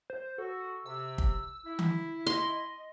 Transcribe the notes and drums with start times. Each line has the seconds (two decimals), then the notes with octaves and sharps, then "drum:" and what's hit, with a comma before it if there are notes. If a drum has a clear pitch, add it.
0.10 C5
0.38 F#4 A4
0.86 C3 E6
1.18 drum: kick
1.65 E4
1.79 drum: tom D#3
2.27 D#5 C6